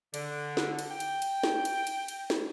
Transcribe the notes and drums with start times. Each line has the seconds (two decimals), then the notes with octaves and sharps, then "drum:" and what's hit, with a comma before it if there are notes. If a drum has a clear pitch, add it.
0.14 D3, drum: cymbal
0.57 drum: snare
0.79 drum: cymbal
0.91 G5
1.00 drum: cymbal
1.22 drum: cymbal
1.43 drum: snare
1.65 drum: cymbal
1.87 drum: cymbal
2.08 drum: cymbal
2.30 drum: snare